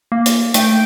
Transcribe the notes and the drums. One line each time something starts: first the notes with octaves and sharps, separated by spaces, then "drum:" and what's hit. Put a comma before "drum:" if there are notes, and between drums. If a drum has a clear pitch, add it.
A#3
drum: hi-hat
A3 G5, drum: hi-hat